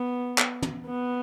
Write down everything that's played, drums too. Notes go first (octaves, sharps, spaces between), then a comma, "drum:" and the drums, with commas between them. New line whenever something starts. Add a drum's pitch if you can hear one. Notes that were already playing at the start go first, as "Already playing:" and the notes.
Already playing: B3
drum: clap
drum: tom
B3